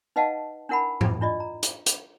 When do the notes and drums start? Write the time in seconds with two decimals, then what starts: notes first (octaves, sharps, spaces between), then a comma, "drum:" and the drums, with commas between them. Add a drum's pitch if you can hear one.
0.16 D#4 B4 D#5 F5 F#5 A5
0.69 D4 E4 A#4 F#5 A5 B5
1.01 drum: tom G#2
1.21 D4 E4 F4 D5 D#5
1.40 A#5
1.63 drum: hi-hat
1.86 drum: hi-hat